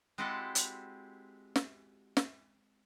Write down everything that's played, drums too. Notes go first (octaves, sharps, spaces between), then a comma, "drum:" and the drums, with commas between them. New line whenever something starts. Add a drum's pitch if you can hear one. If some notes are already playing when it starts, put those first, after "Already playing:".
G#3 C4 E4 F#4 G4 A4
drum: hi-hat
drum: snare
drum: snare